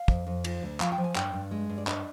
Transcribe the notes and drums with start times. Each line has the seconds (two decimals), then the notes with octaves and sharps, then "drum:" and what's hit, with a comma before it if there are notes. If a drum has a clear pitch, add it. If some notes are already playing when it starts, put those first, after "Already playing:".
Already playing: F5
0.08 F2, drum: kick
0.27 F2
0.44 F3, drum: cymbal
0.63 D2
0.80 F3 F5, drum: clap
0.92 G5
0.98 F3
1.04 G#5
1.16 G2 G5, drum: clap
1.34 G2
1.51 G#3
1.69 G2
1.78 D5
1.87 D4 D#5, drum: clap